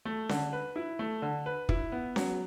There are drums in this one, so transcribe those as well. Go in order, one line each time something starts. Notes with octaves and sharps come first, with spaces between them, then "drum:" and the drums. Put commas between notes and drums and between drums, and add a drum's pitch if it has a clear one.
A3
D3, drum: snare C#4
B4
E4
A3
D3
B4
E4, drum: kick
B3
F#3, drum: snare C#4